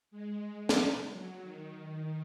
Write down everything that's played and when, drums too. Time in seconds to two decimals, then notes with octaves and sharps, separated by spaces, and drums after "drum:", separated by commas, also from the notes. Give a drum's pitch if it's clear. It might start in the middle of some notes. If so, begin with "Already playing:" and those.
0.11 G#3
0.69 drum: snare
1.11 F#3
1.43 D#3
1.76 D#3